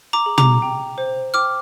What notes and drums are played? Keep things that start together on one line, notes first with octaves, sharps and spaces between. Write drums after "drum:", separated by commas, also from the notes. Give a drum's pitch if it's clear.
A#5 D6
G#4
A#5 D6, drum: tom
G5
C5
G5 D6 F6